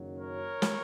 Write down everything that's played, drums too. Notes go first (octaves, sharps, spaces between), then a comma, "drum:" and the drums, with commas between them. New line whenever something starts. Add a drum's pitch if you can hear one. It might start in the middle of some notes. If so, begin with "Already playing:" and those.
Already playing: F#1 F#2 D#3 F#3
A#4 C#5
drum: snare